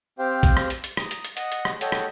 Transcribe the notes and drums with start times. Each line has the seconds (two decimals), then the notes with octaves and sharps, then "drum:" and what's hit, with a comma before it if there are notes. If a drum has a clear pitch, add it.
0.19 C4 G4 C5 F5 G5
0.43 drum: kick A#1, hi-hat
0.57 drum: rim click
0.70 drum: hi-hat
0.84 drum: hi-hat
0.97 A#5 D#6, drum: rim click
1.11 drum: hi-hat
1.24 drum: hi-hat
1.37 D#5 F#5 D#6, drum: hi-hat
1.52 drum: hi-hat
1.65 drum: rim click
1.81 A4 C#5 D#5 F#5 G5, drum: hi-hat
1.92 drum: rim click